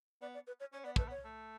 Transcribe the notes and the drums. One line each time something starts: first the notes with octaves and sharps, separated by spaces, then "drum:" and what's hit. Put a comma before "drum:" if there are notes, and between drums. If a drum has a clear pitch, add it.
B3 D5
D5
B4
C#5
C#4 C#5
B3 D5
A3 B4, drum: kick
B3
C#5
A3